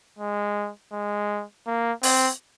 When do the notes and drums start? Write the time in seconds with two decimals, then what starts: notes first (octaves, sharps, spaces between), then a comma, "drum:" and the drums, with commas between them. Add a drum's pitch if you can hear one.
0.19 G#3
0.92 G#3
1.67 A#3
2.03 C4, drum: open hi-hat